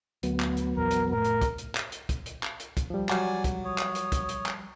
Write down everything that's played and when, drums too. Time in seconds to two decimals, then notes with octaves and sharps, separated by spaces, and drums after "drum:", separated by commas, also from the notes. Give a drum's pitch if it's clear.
0.23 D2 F#3 B3, drum: hi-hat
0.40 drum: clap
0.57 drum: hi-hat
0.77 A#1 E2 A#4
0.91 drum: hi-hat
1.11 F1 A2 A3 A#4
1.25 drum: hi-hat
1.41 drum: kick, hi-hat
1.58 drum: hi-hat
1.75 drum: clap
1.92 drum: hi-hat
2.09 drum: kick, hi-hat
2.26 drum: hi-hat
2.43 drum: clap
2.60 drum: hi-hat
2.77 drum: kick, hi-hat
2.90 F3 G3
3.09 F#3 D5 G#5, drum: clap
3.44 drum: kick, hi-hat
3.65 C#5 D#6
3.78 drum: clap
3.95 drum: hi-hat
4.12 drum: kick, hi-hat
4.29 drum: hi-hat
4.46 drum: clap